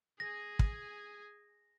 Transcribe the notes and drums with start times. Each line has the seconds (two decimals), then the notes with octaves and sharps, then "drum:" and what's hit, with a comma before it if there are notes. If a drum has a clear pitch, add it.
0.20 G#4 G#5 A#6
0.59 drum: kick